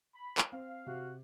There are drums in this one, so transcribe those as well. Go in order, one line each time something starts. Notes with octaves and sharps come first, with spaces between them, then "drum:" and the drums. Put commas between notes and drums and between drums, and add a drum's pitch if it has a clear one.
B5
drum: clap
C4 F5
C3 F#4